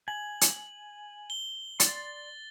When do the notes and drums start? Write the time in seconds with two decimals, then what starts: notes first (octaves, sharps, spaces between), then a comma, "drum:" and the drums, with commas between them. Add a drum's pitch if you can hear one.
0.08 G#5 F#7
0.41 drum: hi-hat
1.30 G7
1.80 D5 C6 A6, drum: hi-hat